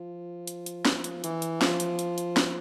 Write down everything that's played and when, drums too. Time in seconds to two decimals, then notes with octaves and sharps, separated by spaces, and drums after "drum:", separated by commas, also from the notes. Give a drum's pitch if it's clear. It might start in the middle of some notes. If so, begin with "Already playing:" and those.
Already playing: F3
0.47 drum: hi-hat
0.66 drum: hi-hat
0.85 drum: snare
1.04 drum: hi-hat
1.24 E3, drum: hi-hat
1.42 drum: hi-hat
1.61 F3, drum: snare
1.80 drum: hi-hat
1.99 drum: hi-hat
2.18 drum: hi-hat
2.37 drum: snare